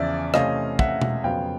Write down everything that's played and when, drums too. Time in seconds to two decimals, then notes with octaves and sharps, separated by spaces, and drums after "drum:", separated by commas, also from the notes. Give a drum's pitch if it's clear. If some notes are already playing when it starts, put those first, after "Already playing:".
Already playing: E2 C#3 F3 D5 E5
0.34 C3 E3 A3 C#4 D#5 F5, drum: rim click
0.79 E5 F#5, drum: kick
1.01 drum: tom B2
1.23 F2 C#3 F#3 B3 F5 G5